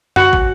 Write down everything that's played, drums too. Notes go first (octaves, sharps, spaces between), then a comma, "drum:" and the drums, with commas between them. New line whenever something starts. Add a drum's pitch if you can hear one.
F#4 F#5, drum: tom F#2
drum: kick